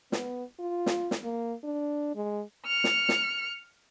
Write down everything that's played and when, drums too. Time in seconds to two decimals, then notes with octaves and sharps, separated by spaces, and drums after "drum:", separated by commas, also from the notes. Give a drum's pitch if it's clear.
0.12 B3, drum: snare
0.59 F4
0.86 drum: snare
1.11 drum: snare
1.23 A#3
1.64 D4
2.15 G#3
2.66 F6 C#7
2.84 drum: snare
3.09 drum: snare